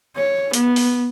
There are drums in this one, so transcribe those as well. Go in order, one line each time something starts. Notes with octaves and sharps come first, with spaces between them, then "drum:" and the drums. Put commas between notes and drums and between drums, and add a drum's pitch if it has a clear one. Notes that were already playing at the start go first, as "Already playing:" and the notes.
C#5
B3, drum: hi-hat
drum: open hi-hat